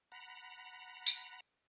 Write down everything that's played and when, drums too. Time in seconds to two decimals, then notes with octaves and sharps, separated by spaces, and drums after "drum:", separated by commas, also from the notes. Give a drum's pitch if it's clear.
0.12 F#5 A#5 B5
1.07 drum: tambourine